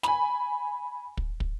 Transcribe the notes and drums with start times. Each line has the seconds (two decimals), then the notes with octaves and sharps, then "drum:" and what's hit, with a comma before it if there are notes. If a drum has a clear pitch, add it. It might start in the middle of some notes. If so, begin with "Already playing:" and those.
0.03 G#5 B5, drum: snare
1.17 drum: kick
1.40 drum: kick